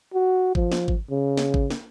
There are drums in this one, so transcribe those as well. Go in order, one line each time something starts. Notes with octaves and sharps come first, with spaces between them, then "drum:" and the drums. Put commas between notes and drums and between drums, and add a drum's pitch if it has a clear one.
F#4
F3, drum: kick G#1
drum: snare
drum: kick G#1
C#3
drum: snare
drum: kick G#1
drum: snare